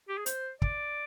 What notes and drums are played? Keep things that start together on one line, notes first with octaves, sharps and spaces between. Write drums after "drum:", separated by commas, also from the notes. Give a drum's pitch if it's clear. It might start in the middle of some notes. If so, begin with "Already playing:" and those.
G4
G#4
C5, drum: hi-hat
D5, drum: kick